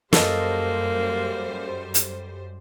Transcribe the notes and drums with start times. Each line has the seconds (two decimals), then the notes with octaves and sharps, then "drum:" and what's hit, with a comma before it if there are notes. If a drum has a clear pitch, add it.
0.13 F#2 G3 A#3 A4 C5 D#5, drum: snare
1.94 drum: hi-hat